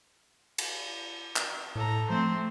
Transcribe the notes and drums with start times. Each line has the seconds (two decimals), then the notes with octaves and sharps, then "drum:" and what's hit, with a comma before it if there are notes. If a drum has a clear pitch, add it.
0.58 drum: cymbal
1.36 drum: clap
1.76 A2 A4 A#5
2.10 F3 A3 C4 C5